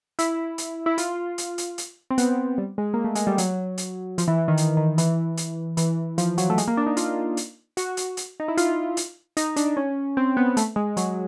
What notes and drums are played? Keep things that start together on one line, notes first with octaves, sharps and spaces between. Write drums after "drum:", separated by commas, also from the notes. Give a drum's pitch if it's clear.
E4, drum: hi-hat
drum: hi-hat
E4
F4, drum: hi-hat
drum: hi-hat
drum: hi-hat
drum: hi-hat
C4
B3, drum: hi-hat
G3
G#3
A#3
A3
G#3, drum: hi-hat
G3
F#3, drum: hi-hat
drum: hi-hat
F3, drum: hi-hat
E3
E3
D#3
drum: hi-hat
D#3
E3, drum: hi-hat
drum: hi-hat
E3, drum: hi-hat
F3, drum: hi-hat
F#3, drum: hi-hat
A3
G#3, drum: hi-hat
A#3
D4
D#4
F4, drum: hi-hat
drum: hi-hat
F#4, drum: hi-hat
drum: hi-hat
drum: hi-hat
D#4
E4
F4, drum: hi-hat
drum: hi-hat
D#4, drum: hi-hat
D4, drum: hi-hat
C#4
C4
B3
A3, drum: hi-hat
G#3
F#3, drum: hi-hat